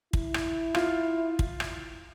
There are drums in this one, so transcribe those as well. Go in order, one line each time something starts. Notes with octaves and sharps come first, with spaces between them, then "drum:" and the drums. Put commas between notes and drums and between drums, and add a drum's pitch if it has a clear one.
E4, drum: kick
drum: rim click
F4, drum: rim click
drum: kick
drum: rim click